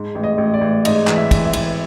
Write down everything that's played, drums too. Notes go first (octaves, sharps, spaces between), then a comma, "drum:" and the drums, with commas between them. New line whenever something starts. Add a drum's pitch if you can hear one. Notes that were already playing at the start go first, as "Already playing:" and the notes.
Already playing: G#2
A1
D#5
A1
D5
A1
G#2 D#5, drum: cymbal
E3, drum: clap
E5
E3, drum: kick, cymbal
E5
E3, drum: cymbal